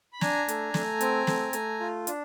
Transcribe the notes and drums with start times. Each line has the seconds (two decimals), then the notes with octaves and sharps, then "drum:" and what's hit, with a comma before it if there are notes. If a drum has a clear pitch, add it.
0.13 B5
0.21 D4 G#5 A#5, drum: snare
0.48 A3, drum: hi-hat
0.74 A3, drum: snare
1.01 C4, drum: hi-hat
1.27 A3, drum: snare
1.53 A3, drum: hi-hat
1.80 F4
2.07 D4, drum: hi-hat